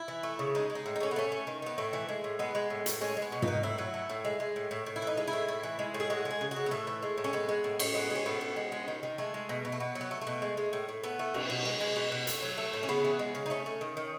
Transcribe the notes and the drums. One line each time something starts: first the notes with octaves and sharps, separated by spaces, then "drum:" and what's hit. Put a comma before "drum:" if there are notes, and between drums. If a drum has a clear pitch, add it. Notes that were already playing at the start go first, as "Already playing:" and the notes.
Already playing: E4
E3
A3
C#3
G#3 D#4
G#3
D#4
A2
D#4
A2 C#4
B3
A3 C#4
A3
D#3
D#3 B3
A2 A3
E3
G#3
A2
G#3 B3
G#3
A2
A2, drum: hi-hat
G#3 C#4
G#3
B3
B2
D#4, drum: tom
B2
A2 E4
F#3
A3
A2
G#3
G#3
A2
A2
A2
E4
E3
D#4
G#3
E4
A2
A2
E3
G#3
A2
G#4
G#3 F#4
G#3
G#4
C#3
F#4
C#3
B3
A2 A3
E3
G#3
A2
C#4
G#3 B3
G#3
A2
A2, drum: cymbal
G#3 B3
G#3
C#4
A2 B3
A2
G#3
G#3
D#3
D#3
G#3 A3
G#3
B2
B2
A3
B2 B3
F#3
B3
A3
A3
B2
G#3
G#3
A2
A2
A3 B3
A3
B2, drum: cymbal
B2
G#3
G#3
B2
B2
A2, drum: hi-hat
F#3
A3
A2
C#4
C#3 B3
E3
G#3
C#3
D#4
A3 C#4
A3
D#3
D#3